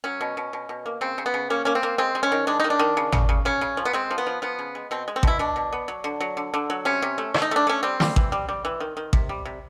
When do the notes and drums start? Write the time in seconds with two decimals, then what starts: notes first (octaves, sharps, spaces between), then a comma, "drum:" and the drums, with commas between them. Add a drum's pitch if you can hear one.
0.04 F#3 C#4
0.21 B2
0.37 B2
0.53 B2
0.69 B2
0.86 A#3
1.01 C#3 C4
1.18 C#3
1.26 B3
1.34 C#3
1.50 A#3 C#4
1.65 A#3 C#4
1.75 C4
1.83 A#3
1.98 G#3 C4
2.15 G#3
2.23 C#4
2.32 D#3
2.47 G#3 D4
2.60 D#3 D#4
2.70 D4
2.79 D#3
2.97 C#3
3.12 C#3, drum: tom G#1
3.29 C#3
3.45 C#3 C#4
3.61 C#3
3.77 F3
3.85 B3
3.93 G#3 C4
4.10 F3
4.18 B3
4.27 F3
4.42 F3 B3
4.59 C#3
4.75 G#3
4.91 B2 C4
5.08 G#3
5.16 C4
5.23 B2 E4, drum: kick A1
5.39 B2 D4
5.56 B2
5.73 B3
5.88 F#3
6.04 D3
6.20 F#3
6.37 D3
6.54 D3
6.70 F#3
6.85 C3 C#4
7.02 C3
7.18 A3
7.34 A3, drum: rim click
7.42 D#4
7.51 A3 D4
7.67 A3 C#4
7.83 G3 C4
8.00 G3, drum: snare
8.16 E3, drum: kick A1
8.32 G3
8.49 G3
8.65 E3
8.80 D#3
8.97 D#3
9.13 C3, drum: kick A1
9.29 G3
9.45 C3